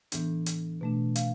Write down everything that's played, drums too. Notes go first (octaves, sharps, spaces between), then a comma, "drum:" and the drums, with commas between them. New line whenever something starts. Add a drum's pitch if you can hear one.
A2 E3 B3 D4, drum: hi-hat
drum: hi-hat
B2 A3 D4
F5, drum: hi-hat